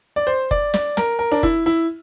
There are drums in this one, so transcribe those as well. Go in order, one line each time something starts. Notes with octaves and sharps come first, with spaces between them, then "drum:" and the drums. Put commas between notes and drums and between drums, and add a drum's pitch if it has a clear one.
D5
C5
D5, drum: kick F#1
D5, drum: snare
A#4, drum: snare
A#4
D4
E4, drum: kick F#1
E4